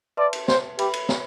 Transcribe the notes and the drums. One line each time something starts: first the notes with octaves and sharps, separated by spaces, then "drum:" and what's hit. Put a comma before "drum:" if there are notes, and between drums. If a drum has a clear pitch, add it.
B4 D5 E5 A5 C6
drum: cymbal
C5, drum: snare
G4 B4 E5 B5, drum: cymbal
drum: cymbal
drum: snare